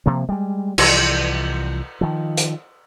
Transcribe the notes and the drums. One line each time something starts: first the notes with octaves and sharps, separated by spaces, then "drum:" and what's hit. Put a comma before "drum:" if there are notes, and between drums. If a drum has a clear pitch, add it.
C3 F3 A#3
G3 G#3
C2 E3 F3, drum: cymbal
D#3 F3
drum: hi-hat